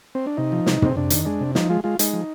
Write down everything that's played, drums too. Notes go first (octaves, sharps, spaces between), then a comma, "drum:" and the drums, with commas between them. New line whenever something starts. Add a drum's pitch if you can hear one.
C4
D4
C3 D#4
F3
C3, drum: snare
C3 C4, drum: tom
C3 D4
D#3, drum: hi-hat
G#3 D4
C3
F3 D#4, drum: snare
G#3 F4
G#3 F4
G#3 D#4, drum: hi-hat
F3